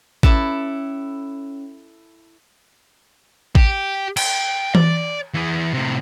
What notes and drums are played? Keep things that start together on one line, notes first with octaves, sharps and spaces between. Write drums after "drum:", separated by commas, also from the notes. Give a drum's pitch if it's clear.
C#4 E4 A4 A5, drum: kick A1
G4, drum: kick A1
G5, drum: cymbal
D5, drum: tom E3
E3 G#4
A2 C3